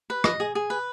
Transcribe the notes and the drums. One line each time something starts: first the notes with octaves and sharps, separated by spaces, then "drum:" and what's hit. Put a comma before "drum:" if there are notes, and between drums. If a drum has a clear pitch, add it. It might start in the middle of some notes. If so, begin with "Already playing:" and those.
B4
D#5, drum: rim click
G#4
G#4
B4